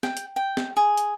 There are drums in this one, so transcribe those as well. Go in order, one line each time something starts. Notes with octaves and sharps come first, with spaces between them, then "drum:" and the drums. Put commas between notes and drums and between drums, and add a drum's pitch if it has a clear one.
G5, drum: snare
drum: hi-hat
G5
drum: snare
G#4
drum: hi-hat